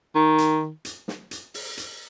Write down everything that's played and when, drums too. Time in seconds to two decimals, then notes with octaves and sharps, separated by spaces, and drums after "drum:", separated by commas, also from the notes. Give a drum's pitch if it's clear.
0.15 D#3
0.38 drum: hi-hat
0.85 drum: hi-hat
1.08 drum: snare
1.31 drum: hi-hat
1.54 drum: open hi-hat
1.77 drum: hi-hat